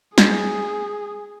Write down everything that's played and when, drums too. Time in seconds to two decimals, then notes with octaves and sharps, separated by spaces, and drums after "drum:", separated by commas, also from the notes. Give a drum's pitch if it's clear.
0.18 G#4, drum: snare